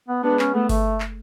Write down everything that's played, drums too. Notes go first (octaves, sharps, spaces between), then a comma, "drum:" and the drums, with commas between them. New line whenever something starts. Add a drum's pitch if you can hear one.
B3
G#3 B3 D4
C#4, drum: clap
A3 B3
A3, drum: kick G1, open hi-hat
drum: clap